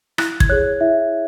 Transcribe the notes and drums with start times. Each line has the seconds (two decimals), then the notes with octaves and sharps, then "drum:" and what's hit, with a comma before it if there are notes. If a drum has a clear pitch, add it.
0.18 E4 F#6, drum: rim click
0.40 G#6, drum: kick
0.49 G#4 C#5 F#6
0.81 E4 E5